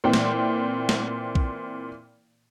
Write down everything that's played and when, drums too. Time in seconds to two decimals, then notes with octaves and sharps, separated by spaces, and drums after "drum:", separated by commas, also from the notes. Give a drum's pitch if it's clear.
0.04 A#2 E3 C4 G5
0.13 drum: snare
0.89 drum: snare
1.35 drum: kick B1